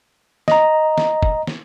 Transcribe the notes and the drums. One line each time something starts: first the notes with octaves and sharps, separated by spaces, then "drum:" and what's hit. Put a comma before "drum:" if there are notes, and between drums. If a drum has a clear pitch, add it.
D#5 A#5, drum: snare
drum: snare
drum: kick F1
drum: snare